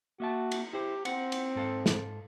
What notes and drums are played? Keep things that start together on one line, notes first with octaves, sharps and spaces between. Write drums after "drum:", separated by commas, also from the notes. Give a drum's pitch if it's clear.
A#3 F#4 E5 A5
drum: cymbal
E4 G4 C5
C4 F#5, drum: cymbal
drum: cymbal
G#2 A4 F5
drum: snare